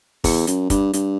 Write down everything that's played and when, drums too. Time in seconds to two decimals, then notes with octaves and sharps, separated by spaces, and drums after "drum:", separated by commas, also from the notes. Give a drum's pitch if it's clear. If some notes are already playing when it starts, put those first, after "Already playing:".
0.24 E2, drum: kick, open hi-hat
0.47 F#2, drum: hi-hat
0.70 G2, drum: kick, hi-hat
0.93 G2, drum: hi-hat